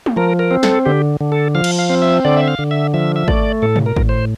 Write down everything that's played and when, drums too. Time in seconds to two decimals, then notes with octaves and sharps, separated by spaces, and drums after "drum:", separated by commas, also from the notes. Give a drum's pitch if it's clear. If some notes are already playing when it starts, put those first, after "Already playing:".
0.06 drum: tom
0.16 F3 A#4
0.39 A#4
0.51 C4
0.63 A4, drum: snare
0.86 D3 G4
1.21 D3
1.32 A4
1.55 F3 F5
1.64 drum: cymbal
1.79 F5
1.90 C4
2.02 E5
2.25 D3 D5
2.37 E5
2.48 F5
2.59 D3
2.71 E5
2.94 F3 E5
3.16 E5
3.28 A3 D5, drum: kick G#1
3.62 A2 A4
3.76 drum: tom B2
3.86 A#4
3.96 A2, drum: kick G#1
4.09 C5